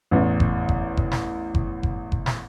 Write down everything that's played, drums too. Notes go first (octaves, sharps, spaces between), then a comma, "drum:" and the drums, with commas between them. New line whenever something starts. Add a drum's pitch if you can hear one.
A1 E2
drum: kick F#1
drum: kick F#1
drum: kick F#1
drum: snare
drum: kick F#1
drum: kick F#1
drum: kick F#1
drum: snare